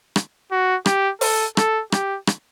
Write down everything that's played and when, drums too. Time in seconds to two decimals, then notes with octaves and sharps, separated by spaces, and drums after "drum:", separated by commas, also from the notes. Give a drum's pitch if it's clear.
0.16 drum: rim click
0.51 F#4
0.86 G4, drum: rim click
1.21 A4, drum: open hi-hat
1.57 A4, drum: rim click
1.92 G4, drum: rim click
2.27 drum: rim click